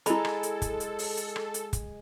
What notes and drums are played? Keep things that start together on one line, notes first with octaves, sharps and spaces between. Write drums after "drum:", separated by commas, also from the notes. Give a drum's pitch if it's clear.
G#3 E4 A4 B5, drum: hi-hat
drum: rim click
drum: hi-hat
drum: kick, hi-hat
drum: hi-hat
drum: open hi-hat
drum: hi-hat
drum: rim click
drum: hi-hat
drum: kick, hi-hat